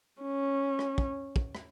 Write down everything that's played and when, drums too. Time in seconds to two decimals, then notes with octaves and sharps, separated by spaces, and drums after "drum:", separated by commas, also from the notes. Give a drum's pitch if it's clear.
0.22 C#4
0.79 drum: rim click
0.98 drum: kick
1.36 drum: kick
1.55 drum: rim click